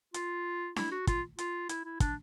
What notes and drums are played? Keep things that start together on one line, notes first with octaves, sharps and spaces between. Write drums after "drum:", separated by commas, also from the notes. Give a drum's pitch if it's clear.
F4, drum: hi-hat
E4, drum: snare D4
F#4
F4, drum: kick, hi-hat
F4, drum: hi-hat
E4, drum: hi-hat
E4
D4, drum: kick, hi-hat